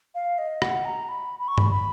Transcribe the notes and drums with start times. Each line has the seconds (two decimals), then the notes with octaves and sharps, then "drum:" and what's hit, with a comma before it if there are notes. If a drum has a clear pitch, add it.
0.15 F5
0.38 D#5
0.62 F#5, drum: rim click
0.85 A#5
1.09 B5
1.39 B5
1.48 C#6
1.58 B5, drum: tom G2
1.71 B5